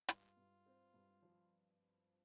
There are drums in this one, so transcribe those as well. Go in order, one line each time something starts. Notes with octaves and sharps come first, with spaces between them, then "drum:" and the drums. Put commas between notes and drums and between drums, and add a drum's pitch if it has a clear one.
G2 F4, drum: hi-hat
G2
C4
G2
F3